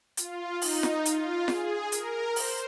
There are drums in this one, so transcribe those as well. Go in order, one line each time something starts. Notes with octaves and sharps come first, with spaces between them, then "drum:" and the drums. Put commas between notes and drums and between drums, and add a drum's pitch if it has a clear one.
F4, drum: hi-hat
D#4, drum: open hi-hat
drum: snare F4
F4, drum: hi-hat
G#4, drum: snare F4
A#4, drum: hi-hat
C5, drum: open hi-hat